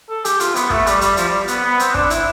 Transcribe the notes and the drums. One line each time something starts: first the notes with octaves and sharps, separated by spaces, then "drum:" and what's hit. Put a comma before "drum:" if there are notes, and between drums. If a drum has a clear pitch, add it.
A4
G4, drum: hi-hat
F4, drum: hi-hat
B3, drum: hi-hat
A3, drum: kick
G3, drum: hi-hat
G3, drum: hi-hat
F3, drum: hi-hat
G3
B3, drum: hi-hat
B3
C4, drum: hi-hat
D4, drum: kick
E4, drum: hi-hat